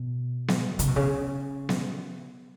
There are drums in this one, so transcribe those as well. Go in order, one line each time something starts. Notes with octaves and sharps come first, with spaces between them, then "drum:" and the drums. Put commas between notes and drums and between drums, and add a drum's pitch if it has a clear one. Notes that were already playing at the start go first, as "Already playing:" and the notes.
Already playing: B2
drum: snare B3
C#3, drum: hi-hat
B2
C#3
drum: snare B3